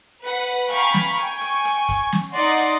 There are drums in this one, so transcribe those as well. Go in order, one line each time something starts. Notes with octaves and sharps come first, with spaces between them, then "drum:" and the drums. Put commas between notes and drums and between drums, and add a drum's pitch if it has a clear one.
B4 F#5
F5 G5 G#5 A#5 B5 C#6, drum: hi-hat
drum: snare
G5 G#5 C#6, drum: hi-hat
drum: hi-hat
drum: hi-hat
drum: kick, hi-hat
drum: snare
D#4 D5 D#5 F#5 C6
drum: hi-hat